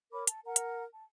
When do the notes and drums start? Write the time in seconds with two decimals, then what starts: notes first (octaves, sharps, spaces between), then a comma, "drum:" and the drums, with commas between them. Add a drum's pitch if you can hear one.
0.12 A#4 C#5 B5 D6
0.27 A5, drum: hi-hat
0.45 A#4 F#5 A#5
0.56 drum: hi-hat
0.94 A5